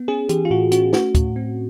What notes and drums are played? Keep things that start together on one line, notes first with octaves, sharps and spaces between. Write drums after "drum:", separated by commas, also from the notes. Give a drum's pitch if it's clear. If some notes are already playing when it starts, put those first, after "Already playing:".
Already playing: B3
C#4 G#4
E3 G4, drum: hi-hat
F4
A2 F#4
C#4 F#4, drum: hi-hat
A3 F#4, drum: snare
A2, drum: kick D2, hi-hat
C4